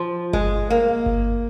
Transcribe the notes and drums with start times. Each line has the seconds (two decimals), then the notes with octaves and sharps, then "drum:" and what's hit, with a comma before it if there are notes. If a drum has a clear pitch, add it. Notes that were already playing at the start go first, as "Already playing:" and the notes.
Already playing: F3
0.33 G#3, drum: kick G1
0.70 A#3
1.06 drum: kick G1